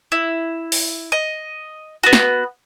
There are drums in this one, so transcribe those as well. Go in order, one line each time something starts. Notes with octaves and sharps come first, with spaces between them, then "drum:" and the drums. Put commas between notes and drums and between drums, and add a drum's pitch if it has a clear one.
E4
drum: open hi-hat
D#5
B3 F#4
drum: snare